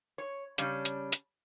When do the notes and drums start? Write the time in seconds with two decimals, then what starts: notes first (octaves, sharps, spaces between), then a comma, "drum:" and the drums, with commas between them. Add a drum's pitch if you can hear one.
0.18 C#5
0.58 C#3 G3 C#4 D4, drum: hi-hat
0.85 drum: hi-hat
1.12 drum: hi-hat